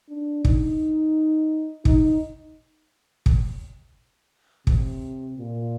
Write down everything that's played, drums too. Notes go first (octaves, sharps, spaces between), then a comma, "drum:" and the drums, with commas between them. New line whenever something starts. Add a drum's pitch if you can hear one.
D4
D#4, drum: kick
D#4, drum: kick
drum: kick
C3, drum: kick
A#2